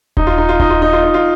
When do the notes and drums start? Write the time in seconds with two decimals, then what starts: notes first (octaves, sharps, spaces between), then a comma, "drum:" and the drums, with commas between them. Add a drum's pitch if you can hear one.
0.17 D#4, drum: kick D#1
0.27 F4
0.38 D#4
0.49 F4
0.60 D#4, drum: kick D#1
0.70 F4
0.82 D#4
0.93 F4
1.03 D#4
1.14 F4